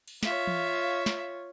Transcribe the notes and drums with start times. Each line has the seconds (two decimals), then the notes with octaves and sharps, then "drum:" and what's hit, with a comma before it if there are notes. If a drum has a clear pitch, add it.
0.08 drum: cymbal
0.23 F4 C#5 E5 F5, drum: snare
0.47 drum: tom E3
1.06 drum: snare